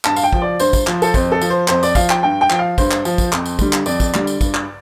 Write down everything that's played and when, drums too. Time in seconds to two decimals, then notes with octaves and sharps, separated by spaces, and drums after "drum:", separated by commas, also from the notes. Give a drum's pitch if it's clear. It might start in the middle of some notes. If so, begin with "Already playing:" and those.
0.05 G2 A5, drum: clap
0.16 F5, drum: tambourine
0.23 G5
0.33 F3, drum: kick
0.42 D5
0.60 G2 C5, drum: tambourine
0.73 drum: kick, tambourine
0.87 F3, drum: clap
1.02 A4, drum: tambourine
1.14 F2 C5, drum: kick, tambourine
1.32 A4
1.41 F3, drum: tambourine
1.50 C5
1.68 F2 C5, drum: clap
1.83 D5, drum: tambourine
1.95 F3 F5, drum: kick, tambourine
2.10 G5, drum: clap
2.23 G2 G5
2.41 G5
2.50 F3, drum: clap
2.59 F5
2.78 G2 C5, drum: kick, tambourine
2.91 drum: clap
3.05 F3, drum: tambourine
3.18 drum: kick, tambourine
3.33 F2, drum: clap
3.46 drum: tambourine
3.59 D3 G3, drum: kick, tambourine
3.73 drum: clap
3.86 F2 D5, drum: tambourine
4.00 drum: kick, tambourine
4.14 D3 G3, drum: clap
4.27 drum: tambourine
4.41 G2, drum: kick, tambourine
4.54 drum: clap